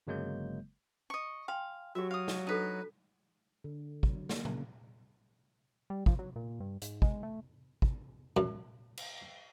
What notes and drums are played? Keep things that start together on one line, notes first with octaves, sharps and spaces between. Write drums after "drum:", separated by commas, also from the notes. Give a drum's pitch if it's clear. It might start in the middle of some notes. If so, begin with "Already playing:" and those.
G1 C#3 F#3 G#3 A#3 G6
D#5 C#6
F5 G5 G#5 C6
F#3 F#4 G4 E5
F5 D#6
drum: snare
D4 D#4 A4 B4
D3
F#3, drum: kick
A#3, drum: snare
C#3, drum: tom A#2
G3
F3, drum: kick
F#3
A#2
G2
G#2, drum: hi-hat
G#3, drum: kick
A3
drum: kick
F#2, drum: tom A#2
drum: cymbal